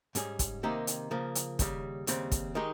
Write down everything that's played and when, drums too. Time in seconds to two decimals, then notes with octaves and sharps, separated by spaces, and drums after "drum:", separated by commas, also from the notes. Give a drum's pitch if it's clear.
0.15 G#2 G3 C#4 G#4, drum: hi-hat
0.39 drum: kick, hi-hat
0.63 C3 D#3 A#3 D#4 G4
0.87 drum: hi-hat
1.11 C#3 F3 A#3
1.35 drum: hi-hat
1.59 D#2 C#3 G3, drum: kick, hi-hat
2.07 D#2 C#3 G3 C4, drum: hi-hat
2.31 drum: kick, hi-hat
2.55 D#3 G#3 D#4 G4